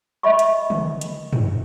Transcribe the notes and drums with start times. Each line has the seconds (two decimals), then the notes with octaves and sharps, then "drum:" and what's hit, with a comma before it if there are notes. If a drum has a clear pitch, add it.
0.23 D#5 E5 B5 C#6
0.39 drum: hi-hat
0.70 drum: tom
1.01 drum: hi-hat
1.33 drum: tom